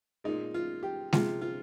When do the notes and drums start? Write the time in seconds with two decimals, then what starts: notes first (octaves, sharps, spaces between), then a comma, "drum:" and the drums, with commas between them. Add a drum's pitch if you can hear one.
0.24 A#2 G#3 D#4
0.54 F4
0.83 G4
1.13 C3 F3 G#3 F4, drum: snare G#3
1.41 F4